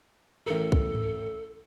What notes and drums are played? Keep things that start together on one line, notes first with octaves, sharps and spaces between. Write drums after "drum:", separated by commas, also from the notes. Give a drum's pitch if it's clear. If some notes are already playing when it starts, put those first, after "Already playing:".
A1 A4 A#4
drum: kick
drum: tom G#2